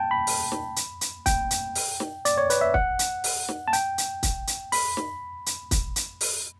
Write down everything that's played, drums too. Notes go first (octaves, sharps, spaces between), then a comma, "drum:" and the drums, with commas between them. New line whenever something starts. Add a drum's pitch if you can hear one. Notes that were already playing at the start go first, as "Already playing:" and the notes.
Already playing: G5 A5
B5
drum: open hi-hat
drum: snare
drum: hi-hat
drum: hi-hat
G5, drum: kick, hi-hat
drum: hi-hat
drum: open hi-hat
drum: snare
D5, drum: hi-hat
C#5
B4, drum: hi-hat
E5
F#5, drum: kick
drum: hi-hat
drum: open hi-hat
drum: snare
A5
G5, drum: hi-hat
drum: hi-hat
drum: kick, hi-hat
drum: hi-hat
B5, drum: open hi-hat
drum: snare
drum: hi-hat
drum: kick, hi-hat
drum: hi-hat
drum: open hi-hat